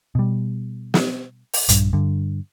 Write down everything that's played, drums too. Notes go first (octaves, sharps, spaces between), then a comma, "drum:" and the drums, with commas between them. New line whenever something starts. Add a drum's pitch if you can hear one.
B2 G3
drum: snare
drum: open hi-hat
A#1 G2, drum: hi-hat
G2 D3